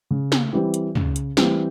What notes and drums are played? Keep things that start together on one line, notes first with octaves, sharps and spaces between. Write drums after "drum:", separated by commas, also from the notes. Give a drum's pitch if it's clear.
C#3
drum: snare
E3 G3 C4
drum: hi-hat
C#3, drum: tom
drum: hi-hat
E3 G3 C4, drum: snare